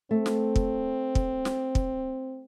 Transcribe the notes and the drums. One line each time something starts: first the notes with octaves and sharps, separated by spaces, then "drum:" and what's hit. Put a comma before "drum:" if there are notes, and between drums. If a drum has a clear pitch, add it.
A3 C4
drum: snare
drum: kick
drum: kick
drum: snare
drum: kick